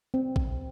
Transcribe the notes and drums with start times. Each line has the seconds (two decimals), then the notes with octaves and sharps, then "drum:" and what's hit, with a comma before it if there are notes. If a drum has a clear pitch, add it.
0.14 C4
0.36 drum: kick A#1